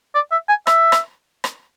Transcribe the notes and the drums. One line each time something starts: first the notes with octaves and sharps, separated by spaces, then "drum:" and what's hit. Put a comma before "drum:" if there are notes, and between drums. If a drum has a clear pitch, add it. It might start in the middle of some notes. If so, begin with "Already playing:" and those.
D5
E5
G#5
E5, drum: rim click
drum: rim click
drum: rim click